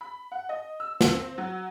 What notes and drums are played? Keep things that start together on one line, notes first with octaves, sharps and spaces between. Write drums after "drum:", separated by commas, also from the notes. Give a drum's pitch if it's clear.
B5
F#5
D#5
E6
drum: snare
C4
F#3